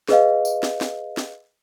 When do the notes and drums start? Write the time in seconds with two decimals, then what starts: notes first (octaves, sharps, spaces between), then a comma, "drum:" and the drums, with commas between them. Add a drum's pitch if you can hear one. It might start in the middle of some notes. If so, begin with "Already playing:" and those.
0.09 G#4 B4 D#5 F5, drum: snare
0.45 drum: tambourine
0.63 drum: snare
0.81 drum: snare
1.17 drum: snare